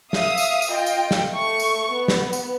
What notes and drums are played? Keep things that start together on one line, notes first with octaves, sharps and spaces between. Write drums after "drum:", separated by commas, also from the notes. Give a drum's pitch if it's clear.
E5 F5 D#6, drum: snare
drum: tambourine
drum: tambourine
F4 D#5 G5
drum: tambourine
drum: snare
A3 C#6
drum: tambourine
B3
drum: snare
drum: tambourine